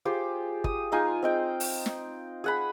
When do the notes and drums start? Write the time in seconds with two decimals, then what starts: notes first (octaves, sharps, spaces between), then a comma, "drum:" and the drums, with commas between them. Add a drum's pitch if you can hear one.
0.05 F4 G4 G#4 C5
0.64 D#6, drum: kick
0.92 G#3 D#4 F4 G#5
1.23 C4 D#5 G5
1.60 drum: open hi-hat
1.86 drum: snare
2.44 G#4 F#5 B5